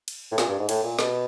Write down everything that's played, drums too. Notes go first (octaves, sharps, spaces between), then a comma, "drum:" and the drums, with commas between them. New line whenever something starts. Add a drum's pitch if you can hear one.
drum: cymbal
A2
A#2, drum: snare
G2
G#2
A2, drum: cymbal
A#2
B2, drum: snare